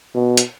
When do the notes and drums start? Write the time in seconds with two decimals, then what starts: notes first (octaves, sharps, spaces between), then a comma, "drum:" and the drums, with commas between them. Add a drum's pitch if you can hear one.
0.15 B2
0.37 drum: hi-hat